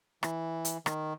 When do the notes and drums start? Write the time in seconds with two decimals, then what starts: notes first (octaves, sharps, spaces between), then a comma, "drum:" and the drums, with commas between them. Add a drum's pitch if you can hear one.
0.23 E3, drum: rim click
0.65 drum: hi-hat
0.86 D#3, drum: rim click